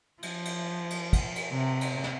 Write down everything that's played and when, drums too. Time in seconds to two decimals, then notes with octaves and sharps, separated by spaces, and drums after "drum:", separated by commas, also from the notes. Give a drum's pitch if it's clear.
0.22 F3, drum: cymbal
0.45 drum: cymbal
0.90 drum: cymbal
1.13 drum: kick, cymbal
1.36 drum: cymbal
1.51 C3
1.81 drum: cymbal
2.03 drum: snare